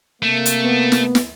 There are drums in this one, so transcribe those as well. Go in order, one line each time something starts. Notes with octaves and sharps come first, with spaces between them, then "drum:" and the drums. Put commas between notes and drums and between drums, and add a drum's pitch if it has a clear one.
C3 A3 A#3
drum: hi-hat
B3
drum: snare
drum: snare